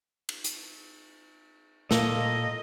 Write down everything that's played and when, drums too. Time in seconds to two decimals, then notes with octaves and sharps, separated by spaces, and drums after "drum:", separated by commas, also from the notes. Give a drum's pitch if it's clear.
0.29 drum: cymbal
0.44 drum: hi-hat
1.91 A#2 A#3 A4 D#5, drum: snare